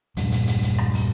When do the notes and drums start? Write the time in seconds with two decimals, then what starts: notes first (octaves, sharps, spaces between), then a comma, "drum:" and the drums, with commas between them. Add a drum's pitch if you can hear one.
0.17 E2 G2 A#2, drum: hi-hat
0.32 drum: hi-hat
0.48 drum: hi-hat
0.63 drum: hi-hat
0.78 drum: rim click
0.94 drum: open hi-hat